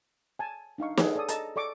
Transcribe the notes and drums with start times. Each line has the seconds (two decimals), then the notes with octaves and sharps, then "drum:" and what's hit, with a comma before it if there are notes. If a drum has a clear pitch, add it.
0.39 G#5 A5
0.78 D4 D#4 F5 C#6
0.97 G#4 A4 B4 C#5 F#5, drum: snare
1.16 A4 D5 D#6
1.28 A4 D#5 A5 A#5, drum: hi-hat
1.56 A4 D5 C#6 D6